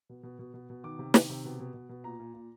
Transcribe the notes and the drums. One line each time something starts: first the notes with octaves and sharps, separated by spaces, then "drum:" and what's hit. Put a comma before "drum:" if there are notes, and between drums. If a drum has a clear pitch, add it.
B2
B2
B2
B2
B2
D#3 D6
C3
D#3, drum: snare
C3
B2
B2
B2
B2
A#2 A#5
A#2
A#2